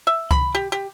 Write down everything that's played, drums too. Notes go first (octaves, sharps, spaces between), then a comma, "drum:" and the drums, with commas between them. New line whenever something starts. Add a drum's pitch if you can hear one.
E5
B5, drum: kick C#2
G4
G4